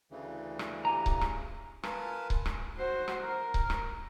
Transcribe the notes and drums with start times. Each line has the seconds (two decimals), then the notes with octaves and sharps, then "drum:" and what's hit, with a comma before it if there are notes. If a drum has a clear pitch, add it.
0.11 D2 C#3 E3
0.59 drum: rim click
0.85 G4 G#5 A#5
1.06 drum: kick C#1
1.21 drum: rim click
1.83 F4 A#4 B4 G#5 A5, drum: rim click
2.30 drum: kick C#1
2.46 drum: rim click
2.77 F#4 C5
3.08 drum: rim click
3.24 A#4
3.54 drum: kick C#1
3.70 drum: rim click